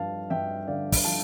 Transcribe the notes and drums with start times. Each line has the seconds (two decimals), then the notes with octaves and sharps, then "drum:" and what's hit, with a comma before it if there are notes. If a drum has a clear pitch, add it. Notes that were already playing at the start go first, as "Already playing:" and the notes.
Already playing: G2 D3 F3 F5 A5
0.30 G2 E5 G5
0.68 D3 D5 F5
0.92 drum: kick, open hi-hat
1.05 F3 F5 A5